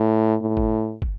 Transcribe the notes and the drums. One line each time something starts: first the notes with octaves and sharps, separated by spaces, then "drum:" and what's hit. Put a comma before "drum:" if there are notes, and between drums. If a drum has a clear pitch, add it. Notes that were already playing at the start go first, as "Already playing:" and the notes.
Already playing: A2
A2
drum: kick
drum: kick